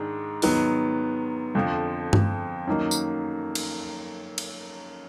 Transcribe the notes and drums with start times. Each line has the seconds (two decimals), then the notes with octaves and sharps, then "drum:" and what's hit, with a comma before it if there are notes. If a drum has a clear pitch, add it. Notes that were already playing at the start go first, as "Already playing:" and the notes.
Already playing: G#2 D#3 G#3 D4
0.42 G#2 D#3 F#3 B3, drum: open hi-hat
1.55 F2 D3 F3
2.13 drum: tom G2
2.67 F#2 D#3 F#3 A#3 D#4
2.91 drum: tambourine
3.55 drum: cymbal
4.38 drum: cymbal